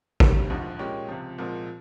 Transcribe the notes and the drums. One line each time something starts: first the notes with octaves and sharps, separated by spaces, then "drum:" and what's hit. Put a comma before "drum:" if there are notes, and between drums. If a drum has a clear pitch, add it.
G#1 G2 G3, drum: kick
A#1 G#2 F3
A#2 G#3 C#4 G4
C#2 C3 F3
C2 A#2 F3 G#3